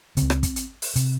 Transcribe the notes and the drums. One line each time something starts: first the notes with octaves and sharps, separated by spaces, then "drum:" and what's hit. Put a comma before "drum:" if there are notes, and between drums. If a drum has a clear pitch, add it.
C#2 C#3 C4, drum: hi-hat
drum: rim click
drum: kick, hi-hat
drum: hi-hat
drum: open hi-hat
C3, drum: hi-hat